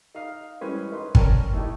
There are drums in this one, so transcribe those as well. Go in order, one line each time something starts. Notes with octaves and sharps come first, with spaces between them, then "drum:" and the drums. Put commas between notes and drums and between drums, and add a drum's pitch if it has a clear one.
D#4 D#5 F5
E3 G3 G#3 C#4 B4 C5
D#4 B4 C6
C#4 A#4 C#5 D5 G5 A5, drum: kick
A3 D#4 E4 G4